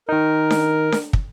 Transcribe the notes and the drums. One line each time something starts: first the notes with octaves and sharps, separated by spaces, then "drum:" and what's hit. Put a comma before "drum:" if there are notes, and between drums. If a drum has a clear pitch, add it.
D#3 D#4 A#4
drum: snare D4
drum: snare D4
drum: kick